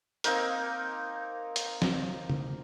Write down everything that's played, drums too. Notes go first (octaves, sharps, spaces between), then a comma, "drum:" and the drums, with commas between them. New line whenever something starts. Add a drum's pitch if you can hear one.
A#3 C4 D#4 A#4, drum: hi-hat
drum: hi-hat
drum: snare
drum: tom